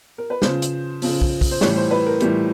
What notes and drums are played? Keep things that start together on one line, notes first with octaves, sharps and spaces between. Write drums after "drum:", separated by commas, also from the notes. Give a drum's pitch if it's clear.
A#4
B4
C#3 F3 C5, drum: snare
drum: hi-hat
C#3 F3, drum: open hi-hat
drum: kick
drum: kick, open hi-hat
C5
A2 E3 G3 C#5, drum: snare
C5
B4
A#4
A2 E3 G3, drum: hi-hat